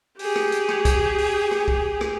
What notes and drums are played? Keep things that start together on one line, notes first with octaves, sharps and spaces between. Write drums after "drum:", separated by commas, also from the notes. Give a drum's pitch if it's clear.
G4 G#4, drum: open hi-hat
drum: rim click
drum: hi-hat
drum: rim click
drum: kick, hi-hat
drum: open hi-hat
drum: rim click
drum: kick
drum: rim click